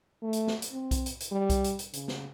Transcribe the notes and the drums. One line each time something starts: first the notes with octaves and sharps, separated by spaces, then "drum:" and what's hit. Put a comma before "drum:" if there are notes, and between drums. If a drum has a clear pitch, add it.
A3
drum: hi-hat
drum: snare
drum: hi-hat
C4
drum: kick B1, hi-hat
drum: hi-hat
drum: hi-hat
G3
drum: kick B1, hi-hat
drum: hi-hat
drum: hi-hat
C#3, drum: hi-hat
drum: snare